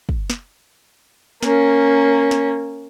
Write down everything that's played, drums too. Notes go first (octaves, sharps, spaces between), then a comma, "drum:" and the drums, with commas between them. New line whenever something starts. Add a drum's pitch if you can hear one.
drum: kick
drum: snare
A#3 C#4, drum: snare
drum: snare